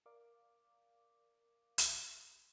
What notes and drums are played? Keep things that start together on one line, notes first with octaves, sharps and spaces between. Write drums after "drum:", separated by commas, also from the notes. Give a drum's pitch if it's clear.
A#4 D5 F5 D6
drum: hi-hat